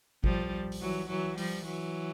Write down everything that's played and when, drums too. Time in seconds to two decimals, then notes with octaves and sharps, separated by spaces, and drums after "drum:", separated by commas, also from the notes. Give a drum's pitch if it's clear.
0.24 F3 G3, drum: kick
0.72 drum: open hi-hat
0.81 E3 F#3
1.09 E3 F#3
1.37 F3 G3, drum: open hi-hat
1.66 E3 F#3